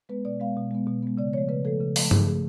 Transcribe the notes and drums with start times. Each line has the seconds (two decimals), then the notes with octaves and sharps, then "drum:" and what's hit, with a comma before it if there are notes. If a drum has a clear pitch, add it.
0.09 G#3 B3 B4
0.25 B2 D5
0.40 G#3 B3 F5
0.56 B2
0.71 G#3 B3
0.87 B2
1.02 G#3 B3
1.17 C#3 D5
1.33 F3 A3 C#5
1.49 C#3 B4
1.65 F3 A3 A4
1.80 C#3
1.96 F3 A3, drum: open hi-hat
2.11 C#3 G#4, drum: tom G2
2.27 F3 A3 G#4